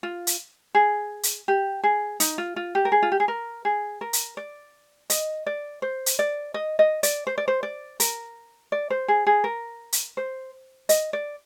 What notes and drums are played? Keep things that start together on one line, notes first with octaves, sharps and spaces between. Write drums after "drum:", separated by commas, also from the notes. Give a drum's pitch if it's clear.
F4
drum: hi-hat
G#4
drum: hi-hat
G4
G#4
D#4, drum: hi-hat
F4
F4
G4
A#4
G#4
F4
G4
G#4
A#4
G#4
A#4
drum: hi-hat
D5
D#5, drum: hi-hat
D5
C5
drum: hi-hat
D5
D#5
D#5
D5, drum: hi-hat
C5
D5
C5
D5
A#4, drum: hi-hat
D5
C5
G#4
G#4
A#4
drum: hi-hat
C5
D#5, drum: hi-hat
D5